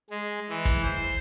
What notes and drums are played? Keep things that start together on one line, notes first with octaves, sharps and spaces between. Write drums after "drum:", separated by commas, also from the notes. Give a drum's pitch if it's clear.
G#3
E3
drum: kick, hi-hat
C5